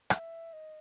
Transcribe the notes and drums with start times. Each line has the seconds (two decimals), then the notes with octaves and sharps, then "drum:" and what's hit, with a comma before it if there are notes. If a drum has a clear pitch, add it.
0.10 E5, drum: rim click
0.53 D#5